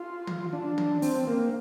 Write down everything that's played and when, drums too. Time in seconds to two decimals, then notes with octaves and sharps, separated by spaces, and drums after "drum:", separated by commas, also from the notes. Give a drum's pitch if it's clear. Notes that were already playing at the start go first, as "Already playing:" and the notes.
Already playing: F4
0.27 drum: tom D#3
0.53 D4
0.78 drum: tom D#3
1.02 C4, drum: open hi-hat
1.27 A#3